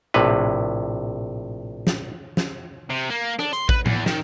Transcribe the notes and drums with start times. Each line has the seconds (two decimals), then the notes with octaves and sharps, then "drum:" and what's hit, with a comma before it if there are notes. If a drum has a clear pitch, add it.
0.14 A#1 A2 C3 B4
1.87 drum: snare
2.37 drum: snare
2.90 C3
3.10 A#3
3.39 D4, drum: rim click
3.53 C6, drum: hi-hat
3.69 B4, drum: kick A1
3.86 E2, drum: tom A2
4.06 D#3, drum: snare